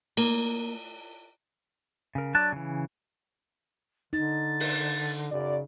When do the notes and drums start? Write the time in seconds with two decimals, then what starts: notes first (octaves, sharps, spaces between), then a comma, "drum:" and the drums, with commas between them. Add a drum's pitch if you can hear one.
0.17 A#3, drum: cymbal
2.15 C#3 A#4
2.35 F#3 D4 D5 A5 F#6
2.52 C#3 E3
4.13 D3 D#4 A6
4.60 drum: open hi-hat
5.32 F#2 C#3 D5